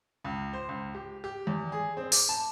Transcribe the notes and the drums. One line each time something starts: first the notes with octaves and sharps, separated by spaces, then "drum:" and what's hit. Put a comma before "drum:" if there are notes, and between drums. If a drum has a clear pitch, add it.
C#2
C5
C#2
G4
G4
E2
G#4
C4
D6, drum: open hi-hat
A5